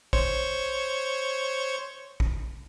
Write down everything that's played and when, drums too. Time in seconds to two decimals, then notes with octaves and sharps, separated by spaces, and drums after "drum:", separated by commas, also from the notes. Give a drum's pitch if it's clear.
0.13 C5 C#5 C#6, drum: kick
2.20 drum: kick